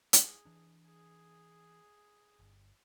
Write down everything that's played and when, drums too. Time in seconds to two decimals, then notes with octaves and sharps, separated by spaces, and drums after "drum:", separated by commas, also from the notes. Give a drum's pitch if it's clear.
0.13 G#4, drum: hi-hat
0.45 E3 D4
0.87 G#4
2.39 G1